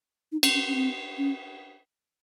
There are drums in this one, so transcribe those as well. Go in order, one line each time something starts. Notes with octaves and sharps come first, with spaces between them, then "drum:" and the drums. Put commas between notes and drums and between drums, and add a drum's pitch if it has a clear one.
D#4
C#4, drum: cymbal
C#4
C#4
C4
C#4